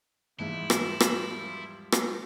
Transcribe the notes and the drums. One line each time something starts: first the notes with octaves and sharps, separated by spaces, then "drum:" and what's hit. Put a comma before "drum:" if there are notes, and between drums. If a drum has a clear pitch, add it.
E2 G#2 F3 G3 E4
drum: rim click
drum: rim click
drum: rim click